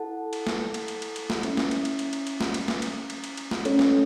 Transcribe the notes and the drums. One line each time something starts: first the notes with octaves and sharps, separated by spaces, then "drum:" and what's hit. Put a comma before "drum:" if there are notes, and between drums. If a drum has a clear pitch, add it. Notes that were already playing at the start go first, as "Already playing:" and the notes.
Already playing: E4 A4 F#5 A5
drum: cymbal
drum: snare
drum: cymbal
drum: cymbal
drum: cymbal
drum: cymbal
drum: snare
C#4 E4 C#5 E5, drum: cymbal
drum: snare
drum: cymbal
drum: cymbal
drum: cymbal
drum: cymbal
drum: cymbal
drum: snare
drum: cymbal
drum: snare
drum: cymbal
drum: cymbal
drum: cymbal
drum: cymbal
drum: snare
A3 C#4 A4 C#5, drum: cymbal
drum: snare